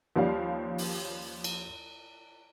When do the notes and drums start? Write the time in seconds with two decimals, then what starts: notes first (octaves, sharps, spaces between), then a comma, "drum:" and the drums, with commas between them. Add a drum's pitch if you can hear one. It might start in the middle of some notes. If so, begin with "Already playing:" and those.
0.16 D#2 F3 G3 C#4 F5
0.78 drum: open hi-hat
1.44 drum: cymbal